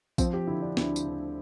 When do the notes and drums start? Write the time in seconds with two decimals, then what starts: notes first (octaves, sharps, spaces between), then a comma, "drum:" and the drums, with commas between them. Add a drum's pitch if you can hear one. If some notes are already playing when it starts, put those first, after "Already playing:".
0.18 F3 C4, drum: kick A#1, tambourine
0.33 G4
0.47 D3 E4
0.62 D4
0.77 D2 E4, drum: snare
0.96 drum: tambourine
1.06 D2